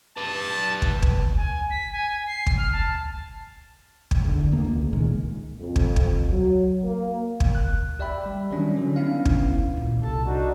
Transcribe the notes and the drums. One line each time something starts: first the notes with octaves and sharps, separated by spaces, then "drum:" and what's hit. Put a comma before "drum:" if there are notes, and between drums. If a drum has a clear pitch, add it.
B4 D5 A5
drum: kick
drum: kick
G#5
B6
G#5
C7
drum: kick
F6
A5
drum: kick
E2 D3
D2 A#3
C#2
C#2 A#2 D#3 G#3
F2
drum: kick
drum: kick
F#3
A#3
drum: kick
F#6
G4 D5 E5 G5 B5
G3
D#3 E3 F#3 G3 C#4 D4
D3 F#3 C#4
B3 C#4 D4 E4 F5
drum: kick
D#2 A#2
C2 A4 A5
D4 D#4 F#4